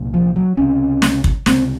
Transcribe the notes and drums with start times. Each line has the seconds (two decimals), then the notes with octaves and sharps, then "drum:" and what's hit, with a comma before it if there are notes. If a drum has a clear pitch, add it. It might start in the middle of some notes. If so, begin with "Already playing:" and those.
Already playing: C2 A#2
0.14 F3
0.36 F#3
0.57 C#2 C3 C#4
1.02 drum: snare
1.24 drum: kick
1.46 C#2 C3 C4, drum: snare